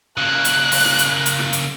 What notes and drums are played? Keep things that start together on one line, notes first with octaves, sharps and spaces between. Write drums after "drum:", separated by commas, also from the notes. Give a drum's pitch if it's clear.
C#3 A#3 F#6
drum: hi-hat
drum: open hi-hat
drum: snare
drum: hi-hat
drum: hi-hat
drum: snare
drum: hi-hat